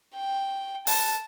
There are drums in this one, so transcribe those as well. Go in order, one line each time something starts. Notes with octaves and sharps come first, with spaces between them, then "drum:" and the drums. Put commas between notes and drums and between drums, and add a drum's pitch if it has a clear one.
G5
A5, drum: open hi-hat